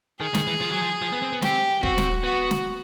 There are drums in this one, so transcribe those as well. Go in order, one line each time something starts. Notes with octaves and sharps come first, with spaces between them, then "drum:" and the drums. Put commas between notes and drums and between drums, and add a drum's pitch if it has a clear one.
D#3 G#4
D#3, drum: snare
E3
F3
F#3
F3
F3
B3
C4
B3
C4 G4, drum: snare
C4 F#4, drum: kick
C4, drum: snare
B3 F#4
drum: snare